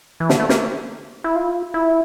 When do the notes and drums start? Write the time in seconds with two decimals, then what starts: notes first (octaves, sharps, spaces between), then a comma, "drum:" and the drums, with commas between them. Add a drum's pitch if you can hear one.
0.20 E3
0.29 D3, drum: snare
0.39 A3
0.49 A#3, drum: snare
1.24 E4
1.36 F4
1.74 E4